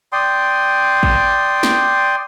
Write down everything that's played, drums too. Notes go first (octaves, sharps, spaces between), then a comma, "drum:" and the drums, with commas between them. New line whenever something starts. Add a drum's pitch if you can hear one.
D5 G5 C6 D#6
drum: kick
drum: snare